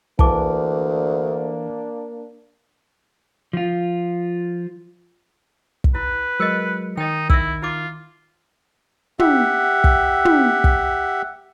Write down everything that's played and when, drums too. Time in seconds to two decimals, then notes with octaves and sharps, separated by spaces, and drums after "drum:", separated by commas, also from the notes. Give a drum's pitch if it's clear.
0.19 D2 E3 A#3 D4 A5 D6, drum: kick
3.53 F3 F4
5.84 drum: kick
5.95 E4 B4
6.40 F#3 G#3 A#4 D#5 C#7
6.97 D#3 D#4 D#5 G5
7.30 E4 E5 E6, drum: kick
7.63 E4 F4 D6
9.19 G4 E5 F#5, drum: tom
9.84 drum: kick
10.25 drum: tom
10.64 drum: kick